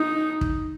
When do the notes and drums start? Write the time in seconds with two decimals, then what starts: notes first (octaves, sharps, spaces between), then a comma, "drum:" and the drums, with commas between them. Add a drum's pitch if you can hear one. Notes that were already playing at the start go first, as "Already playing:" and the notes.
Already playing: D#4
0.41 drum: kick